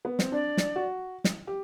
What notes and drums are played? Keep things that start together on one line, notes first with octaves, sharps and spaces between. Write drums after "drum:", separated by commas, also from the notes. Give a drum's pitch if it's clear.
B3
C4, drum: snare
D4 D5
drum: snare
F#4
drum: snare
G4